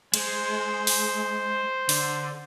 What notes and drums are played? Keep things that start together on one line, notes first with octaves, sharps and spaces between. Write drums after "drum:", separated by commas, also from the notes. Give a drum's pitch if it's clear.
G#3 C5, drum: cymbal
drum: open hi-hat
D3, drum: open hi-hat